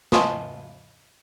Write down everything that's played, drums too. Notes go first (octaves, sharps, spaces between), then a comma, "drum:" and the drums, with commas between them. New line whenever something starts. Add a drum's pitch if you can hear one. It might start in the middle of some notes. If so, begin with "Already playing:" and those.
D#5 G#5 A5 C6 C#6 D#6, drum: snare